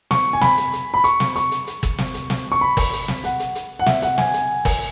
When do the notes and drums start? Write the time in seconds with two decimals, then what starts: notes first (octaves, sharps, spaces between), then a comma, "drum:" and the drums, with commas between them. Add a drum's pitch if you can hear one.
0.11 C#6, drum: snare
0.33 G#5
0.41 B5, drum: snare
0.57 drum: hi-hat
0.73 drum: hi-hat
0.94 B5
1.04 C#6, drum: hi-hat
1.20 drum: snare
1.36 C#6, drum: hi-hat
1.51 drum: hi-hat
1.67 drum: hi-hat
1.83 drum: kick G1, hi-hat
1.98 drum: snare
2.14 drum: hi-hat
2.30 drum: snare
2.52 C#6
2.61 B5
2.77 drum: kick G1, open hi-hat
2.93 drum: hi-hat
3.08 drum: snare
3.24 F#5, drum: hi-hat
3.40 drum: hi-hat
3.55 drum: hi-hat
3.79 F#5
3.86 E5, drum: snare
4.02 F#5, drum: hi-hat
4.18 G#5, drum: snare
4.34 drum: hi-hat
4.65 drum: kick G1, open hi-hat